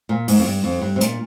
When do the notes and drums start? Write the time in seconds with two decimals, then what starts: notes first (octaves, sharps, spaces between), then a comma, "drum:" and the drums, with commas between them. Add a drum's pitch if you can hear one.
0.09 A#2
0.28 G#2, drum: open hi-hat
0.38 F2
0.45 G2
0.64 F2
0.82 G2
0.96 C3
1.01 A#2, drum: hi-hat